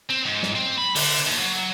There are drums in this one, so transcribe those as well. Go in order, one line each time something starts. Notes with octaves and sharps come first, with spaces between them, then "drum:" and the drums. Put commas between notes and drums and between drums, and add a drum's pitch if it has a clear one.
C4
G#2
drum: snare
C4
B5
D3, drum: open hi-hat
D#2
F#3